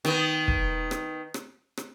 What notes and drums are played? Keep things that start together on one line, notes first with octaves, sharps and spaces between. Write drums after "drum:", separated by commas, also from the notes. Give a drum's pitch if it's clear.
D#3 B3, drum: rim click
drum: kick
drum: rim click
drum: rim click
drum: rim click